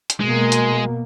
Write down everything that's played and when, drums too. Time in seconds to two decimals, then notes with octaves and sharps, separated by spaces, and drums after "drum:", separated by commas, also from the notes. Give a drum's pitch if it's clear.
0.10 drum: hi-hat
0.21 B2 G#3 A#3
0.52 drum: hi-hat